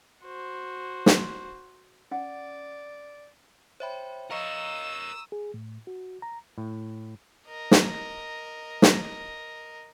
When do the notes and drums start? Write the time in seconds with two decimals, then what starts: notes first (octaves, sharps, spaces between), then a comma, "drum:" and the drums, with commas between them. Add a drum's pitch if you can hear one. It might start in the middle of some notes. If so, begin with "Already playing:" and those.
0.23 F#4 C5
1.06 drum: snare
2.11 C#4 D5 F#5 G5
3.80 C5 C#5 E5 G5 B5
4.31 A#4 C#5 D#5 F5 A#5 C#6 D#6 E6
5.32 G#4
5.54 A2
5.87 F#4
6.22 A#5
6.58 A2
7.47 A#4 D#5
7.71 drum: snare
8.82 drum: snare